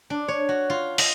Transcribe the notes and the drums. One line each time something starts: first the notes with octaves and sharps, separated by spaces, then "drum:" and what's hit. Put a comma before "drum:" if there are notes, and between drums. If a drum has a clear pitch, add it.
D4
C#5
F#4
F4
D#5, drum: open hi-hat